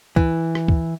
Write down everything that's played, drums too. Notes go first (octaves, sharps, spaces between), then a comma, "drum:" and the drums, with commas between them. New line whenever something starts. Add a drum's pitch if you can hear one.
E3, drum: kick
drum: rim click
drum: kick